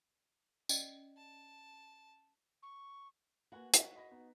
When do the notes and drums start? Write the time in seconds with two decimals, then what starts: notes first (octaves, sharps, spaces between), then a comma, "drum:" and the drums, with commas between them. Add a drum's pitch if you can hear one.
0.69 C#4 D5 D#5, drum: tambourine
1.18 A5
2.63 C#6
3.52 A#3 F#4 B4 F#5 G#5
3.74 F#4 B6, drum: hi-hat
3.96 D#5 B5 A#6
4.11 B3 D#4